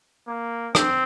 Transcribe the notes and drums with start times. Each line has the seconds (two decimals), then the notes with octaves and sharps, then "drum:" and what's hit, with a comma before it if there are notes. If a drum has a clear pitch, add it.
0.27 A#3
0.75 C4, drum: rim click